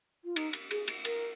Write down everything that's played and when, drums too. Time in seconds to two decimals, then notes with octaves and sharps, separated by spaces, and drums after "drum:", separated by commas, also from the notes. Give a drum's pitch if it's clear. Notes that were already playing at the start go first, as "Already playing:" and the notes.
0.24 F4
0.36 D#4, drum: cymbal
0.53 drum: cymbal
0.71 G#4, drum: cymbal
0.88 drum: cymbal
1.05 A#4, drum: cymbal